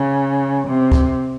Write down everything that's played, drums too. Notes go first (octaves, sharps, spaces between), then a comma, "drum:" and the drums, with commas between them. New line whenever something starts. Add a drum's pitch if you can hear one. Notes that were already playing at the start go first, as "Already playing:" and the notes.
Already playing: C#3
C3
drum: kick C#2